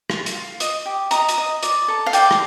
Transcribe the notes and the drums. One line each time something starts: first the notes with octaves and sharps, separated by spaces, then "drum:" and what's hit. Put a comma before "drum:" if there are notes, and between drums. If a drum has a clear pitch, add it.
F4, drum: rim click
drum: hi-hat
F4
D#5, drum: hi-hat
G4
D#5 A#5, drum: hi-hat
drum: hi-hat
D#5
D5, drum: hi-hat
A4
F5
D5 G5, drum: hi-hat
drum: rim click